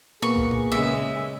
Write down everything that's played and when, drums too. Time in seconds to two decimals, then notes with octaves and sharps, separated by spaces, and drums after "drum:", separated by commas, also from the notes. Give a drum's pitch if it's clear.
0.22 A#2 A#3 B3 G#4 C#6
0.36 drum: kick B1
0.51 drum: tom A#2
0.72 C#3 G#3 E5